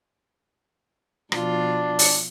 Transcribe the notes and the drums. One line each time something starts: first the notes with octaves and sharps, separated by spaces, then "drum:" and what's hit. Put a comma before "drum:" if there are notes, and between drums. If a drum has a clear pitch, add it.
B2 F3 D4 F4, drum: rim click
drum: open hi-hat